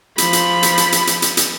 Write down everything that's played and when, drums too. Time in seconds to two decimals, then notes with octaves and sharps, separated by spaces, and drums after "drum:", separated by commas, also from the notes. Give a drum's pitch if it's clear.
0.18 F3 B5, drum: hi-hat
0.33 drum: hi-hat
0.63 drum: hi-hat
0.78 drum: hi-hat
0.92 drum: hi-hat
1.07 drum: hi-hat
1.22 drum: hi-hat
1.37 drum: hi-hat